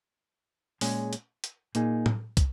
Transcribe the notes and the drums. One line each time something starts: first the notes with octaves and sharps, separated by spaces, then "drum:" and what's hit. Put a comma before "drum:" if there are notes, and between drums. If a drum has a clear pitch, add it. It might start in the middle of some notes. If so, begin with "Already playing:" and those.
A#2 G#3 C#4 G#4, drum: open hi-hat
drum: hi-hat
drum: hi-hat
A#2 A#3 D#4 G#4, drum: hi-hat
drum: tom A2
drum: kick, hi-hat